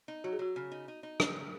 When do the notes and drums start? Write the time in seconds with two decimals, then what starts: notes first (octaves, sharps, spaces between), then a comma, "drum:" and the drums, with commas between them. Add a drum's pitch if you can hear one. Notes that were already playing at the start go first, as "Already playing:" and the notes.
0.08 D#4
0.24 F#3 F#4
0.33 G#4
0.39 F#3 F#4
0.56 C#3
0.71 D#4
0.88 D#4
1.03 D#4
1.20 A#3, drum: rim click
1.36 A#4